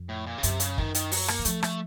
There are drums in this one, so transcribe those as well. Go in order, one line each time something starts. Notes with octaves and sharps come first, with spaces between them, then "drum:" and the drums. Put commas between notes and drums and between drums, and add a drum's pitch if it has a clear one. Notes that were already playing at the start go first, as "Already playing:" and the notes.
Already playing: F2
A2
A#2
C#3
F#2 C3, drum: hi-hat
C#3, drum: hi-hat
D#3, drum: kick
D#3, drum: hi-hat
F#3, drum: open hi-hat
A#3, drum: rim click
D#3
F3 A3, drum: hi-hat
A3, drum: rim click